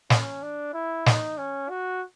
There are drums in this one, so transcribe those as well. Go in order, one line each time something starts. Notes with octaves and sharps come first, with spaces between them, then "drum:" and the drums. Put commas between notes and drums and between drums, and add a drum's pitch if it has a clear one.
C#4, drum: snare
D4
E4
D#4, drum: snare
C#4
F#4